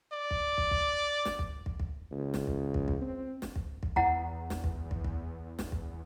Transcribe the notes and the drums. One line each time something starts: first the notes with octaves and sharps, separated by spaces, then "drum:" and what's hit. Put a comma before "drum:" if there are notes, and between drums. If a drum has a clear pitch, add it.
D5
drum: kick
drum: kick
drum: kick
drum: snare
drum: kick
drum: kick
drum: kick
C#2
drum: snare
drum: kick
drum: kick
drum: kick
C4
drum: snare
drum: kick
drum: kick
E2 E4 F#5 A#5, drum: kick
drum: snare
drum: kick
drum: kick
drum: kick
drum: snare
drum: kick